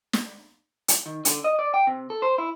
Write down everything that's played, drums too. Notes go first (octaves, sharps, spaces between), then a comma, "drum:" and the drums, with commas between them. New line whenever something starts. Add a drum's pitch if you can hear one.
drum: snare
drum: hi-hat
D#3
D3, drum: hi-hat
D#5
D5
G5
C3
A4
C5
E4